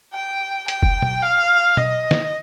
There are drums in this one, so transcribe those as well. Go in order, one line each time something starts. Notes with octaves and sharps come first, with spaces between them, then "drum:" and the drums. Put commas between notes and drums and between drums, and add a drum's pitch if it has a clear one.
G5
G5, drum: hi-hat
drum: kick F1
drum: tom B2
F5
D#5, drum: tom B2
drum: snare